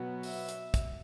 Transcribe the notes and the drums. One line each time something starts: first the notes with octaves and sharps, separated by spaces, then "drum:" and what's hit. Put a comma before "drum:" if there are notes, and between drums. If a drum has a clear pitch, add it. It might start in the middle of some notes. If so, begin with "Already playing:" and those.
Already playing: B2 F#3 B3
E5, drum: open hi-hat
drum: hi-hat
drum: kick, hi-hat